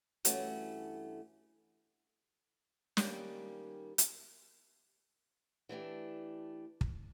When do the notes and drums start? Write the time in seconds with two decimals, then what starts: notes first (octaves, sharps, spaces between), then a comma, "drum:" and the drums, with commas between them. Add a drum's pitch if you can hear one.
0.25 G2 E3 A3 C#4 F#4, drum: hi-hat
2.97 D#3 G3 A#3 C#4, drum: snare
3.98 drum: hi-hat
5.69 E3 A3 D4 G4
6.81 drum: kick